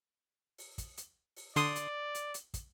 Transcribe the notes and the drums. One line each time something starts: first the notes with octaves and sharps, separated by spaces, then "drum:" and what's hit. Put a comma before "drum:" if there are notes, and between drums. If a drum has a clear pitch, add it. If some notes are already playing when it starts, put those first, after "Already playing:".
drum: open hi-hat
drum: kick, hi-hat
drum: hi-hat
drum: open hi-hat
D3 D5 C6 D#6, drum: hi-hat
drum: hi-hat
drum: hi-hat
drum: hi-hat
drum: kick, hi-hat